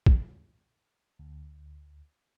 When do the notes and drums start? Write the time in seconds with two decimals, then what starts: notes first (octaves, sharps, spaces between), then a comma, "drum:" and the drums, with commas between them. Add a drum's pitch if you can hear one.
0.06 drum: kick
1.19 D2